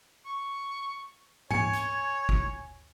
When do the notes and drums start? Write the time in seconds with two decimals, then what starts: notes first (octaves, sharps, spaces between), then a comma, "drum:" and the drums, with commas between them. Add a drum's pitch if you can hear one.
0.26 C#6
1.51 C#5 G#5 C#7, drum: tom G#2
1.73 drum: hi-hat
2.29 drum: kick